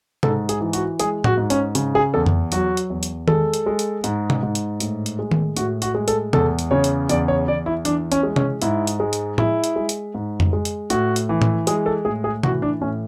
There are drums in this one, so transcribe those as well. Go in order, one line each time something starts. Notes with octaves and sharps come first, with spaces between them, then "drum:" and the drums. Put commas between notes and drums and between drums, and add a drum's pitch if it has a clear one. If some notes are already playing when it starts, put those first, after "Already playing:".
G#2 A4, drum: tom C3
G#4, drum: hi-hat
E3
F#4, drum: hi-hat
G#3 G#4, drum: hi-hat
F#4, drum: tom A2
G#2
C#4, drum: hi-hat
C#3, drum: hi-hat
G#4
E2 A4
drum: tom F2
F#3 F#4, drum: hi-hat
drum: hi-hat
E2
drum: hi-hat
G#3 A4, drum: tom D#3
drum: hi-hat
G#3
drum: hi-hat
G#2, drum: hi-hat
drum: tom C3
G#2
drum: hi-hat
A2, drum: hi-hat
drum: hi-hat
G#3
drum: tom D#3
A2 F#4, drum: hi-hat
F#4, drum: hi-hat
G#3
A4, drum: hi-hat
E2 A4, drum: tom C3
drum: hi-hat
C#3 C#5
drum: hi-hat
E2 D5, drum: hi-hat
C#5
E2 D5
E4
E3 D4, drum: hi-hat
C#4, drum: hi-hat
G#3
C#4, drum: tom C3
G#2 E4, drum: hi-hat
drum: hi-hat
G#3
drum: hi-hat
G#3 E4, drum: tom A2
drum: hi-hat
G#3
drum: hi-hat
G#2
drum: tom F2
G#3
drum: hi-hat
A2 F#4, drum: hi-hat
drum: hi-hat
E3
drum: tom A2
G#3 G#4, drum: hi-hat
A4
A2 G#4
G#4
E3 F#4, drum: tom C3
D4
A2 C#4